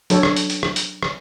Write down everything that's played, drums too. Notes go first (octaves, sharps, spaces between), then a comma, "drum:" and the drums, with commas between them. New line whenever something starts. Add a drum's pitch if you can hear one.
F#3 D4 A4 C#5, drum: hi-hat
drum: rim click
drum: hi-hat
drum: hi-hat
drum: rim click
drum: hi-hat
drum: rim click